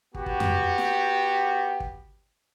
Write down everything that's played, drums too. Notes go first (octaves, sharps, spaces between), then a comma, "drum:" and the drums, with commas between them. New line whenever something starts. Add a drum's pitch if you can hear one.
B3 F#4 G4, drum: kick
drum: kick
drum: tom F2
drum: snare
drum: kick